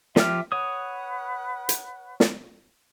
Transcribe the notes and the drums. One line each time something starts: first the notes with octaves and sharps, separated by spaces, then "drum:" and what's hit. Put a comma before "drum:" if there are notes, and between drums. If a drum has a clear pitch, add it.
F3 G4 E5 F6, drum: snare
B4 C#5 F#5 D#6
drum: hi-hat
drum: snare